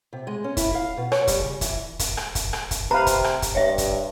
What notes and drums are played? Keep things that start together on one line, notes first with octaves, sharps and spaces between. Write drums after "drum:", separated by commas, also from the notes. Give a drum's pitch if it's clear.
C3
G#3
C#4
E4, drum: kick, hi-hat
F5
B2
C#5, drum: rim click
G3, drum: kick, hi-hat
C#3
E3, drum: kick, hi-hat
drum: kick, hi-hat
drum: rim click
drum: kick, hi-hat
drum: rim click
drum: kick, hi-hat
C3 B4 F5 A#5
drum: kick, hi-hat
drum: rim click
drum: kick, hi-hat
G2 C#5 E5
drum: kick, hi-hat